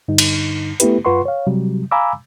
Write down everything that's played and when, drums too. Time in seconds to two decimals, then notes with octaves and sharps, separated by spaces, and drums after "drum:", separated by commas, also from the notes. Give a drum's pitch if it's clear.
0.08 G2 D3 D#4
0.18 drum: cymbal
0.80 A3 B3 E4 G4 B4, drum: hi-hat
1.05 F#2 F4 B4 F#5 C6 C#6
1.25 C#5 F5
1.47 C3 F#3 G3
1.91 F5 G#5 A#5 B5 D6 E6